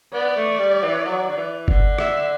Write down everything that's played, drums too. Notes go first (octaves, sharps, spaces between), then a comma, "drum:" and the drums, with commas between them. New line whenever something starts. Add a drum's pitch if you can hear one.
B3 D5
A3
G3
E3
F#3
D3
E3
D3, drum: kick G1
E5, drum: rim click